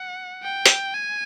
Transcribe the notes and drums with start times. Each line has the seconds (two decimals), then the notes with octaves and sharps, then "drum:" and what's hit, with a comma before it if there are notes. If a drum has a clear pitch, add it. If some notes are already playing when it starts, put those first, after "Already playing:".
Already playing: F#5
0.44 G5
0.66 drum: hi-hat
0.94 G#5